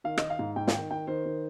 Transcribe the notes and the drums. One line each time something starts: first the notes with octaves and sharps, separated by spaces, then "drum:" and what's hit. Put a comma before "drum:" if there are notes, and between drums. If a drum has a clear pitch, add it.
D#3 F5
D#3 D#5, drum: rim click
F5
G#2
G#2 G5
F5, drum: snare
D#3 G5
D#3 G5
D#3 C5
D#3